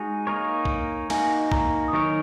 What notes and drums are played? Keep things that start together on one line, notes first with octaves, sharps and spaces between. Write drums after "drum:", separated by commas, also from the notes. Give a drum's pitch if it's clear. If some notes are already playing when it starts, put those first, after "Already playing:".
Already playing: G#3 D#4 F#4 G#5
A#3 D#4 A#4 C#5
drum: kick A#1
A#3 D#4 F#4 G#5, drum: cymbal
A#5, drum: kick A#1
D#6
D#3 F#3 D#4 A#4 C#5 C#6